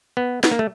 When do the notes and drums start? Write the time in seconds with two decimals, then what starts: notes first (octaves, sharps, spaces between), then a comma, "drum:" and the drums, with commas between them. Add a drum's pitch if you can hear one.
0.17 B3
0.44 B3, drum: snare
0.51 A#3
0.59 A3